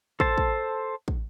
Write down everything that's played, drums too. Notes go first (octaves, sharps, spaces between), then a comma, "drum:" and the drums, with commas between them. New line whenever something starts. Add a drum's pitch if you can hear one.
A4 C5 A5, drum: kick
drum: kick
drum: kick